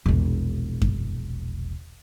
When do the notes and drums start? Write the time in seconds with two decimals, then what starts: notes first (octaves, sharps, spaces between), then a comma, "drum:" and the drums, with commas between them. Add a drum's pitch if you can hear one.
0.06 E1 A#1
0.82 drum: kick F#2